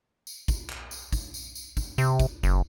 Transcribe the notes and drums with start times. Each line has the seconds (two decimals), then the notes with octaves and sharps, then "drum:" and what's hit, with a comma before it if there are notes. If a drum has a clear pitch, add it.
0.27 drum: tambourine
0.48 drum: kick, tambourine
0.70 drum: clap
0.91 drum: tambourine
1.13 drum: kick, tambourine
1.34 drum: tambourine
1.55 drum: tambourine
1.77 drum: kick, tambourine
1.98 C3, drum: tambourine
2.20 drum: kick, tambourine
2.43 F#1, drum: tambourine